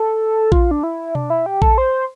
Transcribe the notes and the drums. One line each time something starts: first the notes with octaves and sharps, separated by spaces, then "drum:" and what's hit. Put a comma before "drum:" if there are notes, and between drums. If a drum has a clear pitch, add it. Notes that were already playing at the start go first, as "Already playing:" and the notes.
Already playing: A4
F4, drum: kick A#1
D4
E4
D4, drum: tom B2
E4
G4
A4, drum: kick A#1
C5